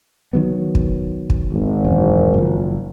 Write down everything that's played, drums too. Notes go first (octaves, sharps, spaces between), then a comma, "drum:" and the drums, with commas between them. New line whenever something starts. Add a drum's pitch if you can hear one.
D#3 F#3 B3
drum: kick
drum: kick
G#1
E1 F#2
F#1 F3